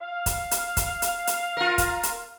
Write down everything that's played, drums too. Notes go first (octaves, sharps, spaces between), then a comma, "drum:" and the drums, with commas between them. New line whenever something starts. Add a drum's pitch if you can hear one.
F5
drum: kick, hi-hat
drum: hi-hat
drum: kick, hi-hat
drum: hi-hat
drum: hi-hat
F4 A#4
drum: kick, hi-hat
drum: hi-hat